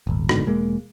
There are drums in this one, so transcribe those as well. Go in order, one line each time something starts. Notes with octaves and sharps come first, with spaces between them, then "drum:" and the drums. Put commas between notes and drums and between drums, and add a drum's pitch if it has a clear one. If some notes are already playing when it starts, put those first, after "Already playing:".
D#1 G#1
F#1 G#2 B2 D3, drum: rim click
E1 G#3 A#3